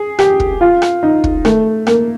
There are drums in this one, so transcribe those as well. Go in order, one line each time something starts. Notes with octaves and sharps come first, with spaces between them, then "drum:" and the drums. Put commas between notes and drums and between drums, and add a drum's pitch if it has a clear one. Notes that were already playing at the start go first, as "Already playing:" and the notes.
Already playing: G#4
G4, drum: rim click
drum: kick
F4
drum: rim click
D#4
drum: kick
A3, drum: rim click
A#3, drum: rim click